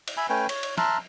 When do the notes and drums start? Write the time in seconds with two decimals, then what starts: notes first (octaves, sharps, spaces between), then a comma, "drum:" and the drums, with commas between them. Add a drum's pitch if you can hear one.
0.08 drum: cymbal
0.17 E5 G#5 B5
0.29 A3 C#4 B4 G5 G#5
0.49 C#5, drum: cymbal
0.63 drum: cymbal
0.78 E5 A5 A#5 C6 F6 F#6, drum: snare